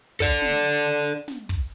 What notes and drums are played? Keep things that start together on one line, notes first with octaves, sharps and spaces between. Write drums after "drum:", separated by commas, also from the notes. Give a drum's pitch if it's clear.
A4 D5, drum: kick, open hi-hat
drum: snare
drum: hi-hat
drum: snare
drum: kick, open hi-hat